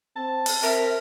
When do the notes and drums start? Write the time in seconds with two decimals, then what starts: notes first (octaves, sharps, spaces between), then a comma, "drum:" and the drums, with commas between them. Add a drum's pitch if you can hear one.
0.16 C4 A5
0.46 drum: open hi-hat
0.63 C4 A#4 E5